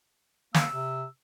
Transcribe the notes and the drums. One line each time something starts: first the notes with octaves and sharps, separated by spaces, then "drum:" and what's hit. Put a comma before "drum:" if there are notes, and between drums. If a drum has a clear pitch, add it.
A#3 E6, drum: snare
C3